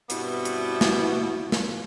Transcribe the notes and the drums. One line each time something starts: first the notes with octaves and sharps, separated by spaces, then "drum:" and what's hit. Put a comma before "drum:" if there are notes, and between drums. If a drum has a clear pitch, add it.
G2 B2 G3 B3 C4 E4, drum: hi-hat
drum: hi-hat
drum: snare
drum: snare